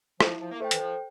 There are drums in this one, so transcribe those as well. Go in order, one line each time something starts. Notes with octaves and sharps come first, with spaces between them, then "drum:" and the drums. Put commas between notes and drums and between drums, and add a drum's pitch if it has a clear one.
F3 E4, drum: rim click
F3
A#3
A3 A4 C5 G5
E3, drum: hi-hat
F3